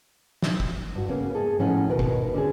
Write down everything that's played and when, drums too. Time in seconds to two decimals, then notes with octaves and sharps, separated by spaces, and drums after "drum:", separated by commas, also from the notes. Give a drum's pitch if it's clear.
0.42 drum: snare
0.60 drum: kick
0.95 G2 F#4
1.09 C#3 A#3 B3 C#4
1.35 G#3 G#4 A4
1.59 A2 F3 B3 C#4 D#4 F#5
1.88 D#2 G#2 B2 A#4 B4
1.99 drum: kick
2.34 D3 C#4 G#4